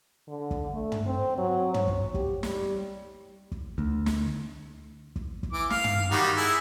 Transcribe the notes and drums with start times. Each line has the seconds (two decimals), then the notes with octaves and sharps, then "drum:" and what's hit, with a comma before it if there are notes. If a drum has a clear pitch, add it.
0.28 D3
0.51 drum: kick
0.73 A3
0.92 drum: tom
1.06 C4
1.38 F#3
1.74 C#5, drum: tom
1.87 drum: kick
2.14 G4, drum: kick
2.43 G3, drum: snare
3.52 drum: kick
3.78 D2, drum: kick
4.06 drum: snare
5.16 drum: kick
5.43 drum: kick
5.53 E3 D6
5.70 F5, drum: snare
5.84 drum: tom
6.11 D#3 G3 F#4
6.37 E4 G#4